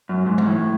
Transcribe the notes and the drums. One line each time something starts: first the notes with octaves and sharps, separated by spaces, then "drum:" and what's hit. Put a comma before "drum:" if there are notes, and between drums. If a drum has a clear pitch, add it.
F#2
G#2
G#2, drum: tom E3
A2